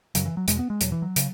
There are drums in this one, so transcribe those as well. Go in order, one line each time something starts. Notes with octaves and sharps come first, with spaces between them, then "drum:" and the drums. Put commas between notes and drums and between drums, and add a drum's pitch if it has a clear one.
F#2 C#3 F#3, drum: hi-hat
E3
F#3
E2 B2 G#3, drum: hi-hat
B3
G#3
E2 B2 F#3, drum: hi-hat
E3
F#3
C#3, drum: hi-hat